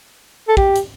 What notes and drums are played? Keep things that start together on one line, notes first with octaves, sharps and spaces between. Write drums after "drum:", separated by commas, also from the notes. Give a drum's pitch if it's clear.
A4
G4, drum: kick
drum: hi-hat